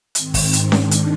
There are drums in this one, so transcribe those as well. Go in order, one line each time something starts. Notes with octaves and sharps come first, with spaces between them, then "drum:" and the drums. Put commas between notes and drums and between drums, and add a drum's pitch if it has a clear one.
G#2 D#3 C4, drum: hi-hat
drum: kick, open hi-hat
drum: hi-hat
G#2 D#3 D4, drum: snare C#4
drum: hi-hat